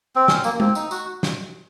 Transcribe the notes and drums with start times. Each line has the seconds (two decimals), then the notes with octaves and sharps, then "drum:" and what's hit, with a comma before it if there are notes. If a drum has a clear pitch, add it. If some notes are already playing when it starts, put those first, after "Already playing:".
0.16 C4
0.28 C#4, drum: snare
0.44 A#3, drum: tambourine
0.54 A#3
0.60 C4, drum: tom G#3
0.75 D#4, drum: tambourine
0.91 F#4, drum: tambourine
1.23 drum: snare